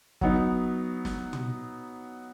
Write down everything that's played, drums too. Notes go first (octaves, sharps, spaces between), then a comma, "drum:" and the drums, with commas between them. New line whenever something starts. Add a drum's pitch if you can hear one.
F#3 B3 D#4, drum: kick
drum: snare
drum: tom